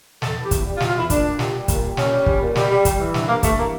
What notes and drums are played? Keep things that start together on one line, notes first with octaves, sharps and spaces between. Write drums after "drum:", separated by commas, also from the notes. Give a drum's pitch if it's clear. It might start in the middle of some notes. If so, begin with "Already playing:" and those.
E2 A4, drum: snare
E3
G4
E2, drum: kick, hi-hat
G3
F4
E2, drum: snare
F4
E2 E4
A#2 D4, drum: kick, hi-hat
A#2
G3, drum: snare
G3
A#2, drum: kick, hi-hat
G3
A#2 C#4, drum: snare
G3
G3, drum: kick
A#2
G3, drum: snare
G3
G3, drum: kick, hi-hat
E3
G2, drum: snare
G2 A#3
G2 A3, drum: kick, hi-hat
E3 A#3